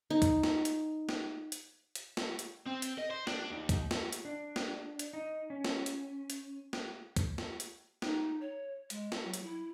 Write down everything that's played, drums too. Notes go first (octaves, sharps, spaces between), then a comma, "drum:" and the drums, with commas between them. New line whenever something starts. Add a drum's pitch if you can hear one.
D#4
drum: kick, hi-hat
drum: snare
drum: hi-hat
drum: snare
drum: hi-hat
drum: hi-hat
drum: snare
drum: hi-hat
C4
drum: hi-hat
D#5
C5
D4, drum: snare
D#2
drum: kick, hi-hat
drum: snare
drum: hi-hat
D4
drum: snare
drum: hi-hat
D#4
C#4
drum: snare
drum: hi-hat
drum: hi-hat
drum: snare
drum: kick, hi-hat
drum: snare
drum: hi-hat
D#4, drum: snare
C#5
G#3, drum: hi-hat
drum: snare
F#3
drum: hi-hat
E4